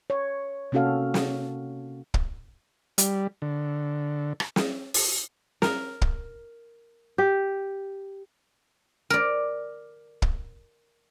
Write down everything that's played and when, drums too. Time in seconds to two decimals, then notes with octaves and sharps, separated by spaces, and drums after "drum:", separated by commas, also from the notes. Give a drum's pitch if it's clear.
0.10 C#5
0.72 C3 A#3 C#4 F#4 A4 F5
1.14 drum: snare
2.14 drum: kick
2.98 G3, drum: hi-hat
3.42 D3
4.40 drum: rim click
4.56 drum: snare
4.94 drum: open hi-hat
5.62 A#4, drum: snare
6.02 drum: kick
7.18 G4
9.10 A#4 D5
10.22 drum: kick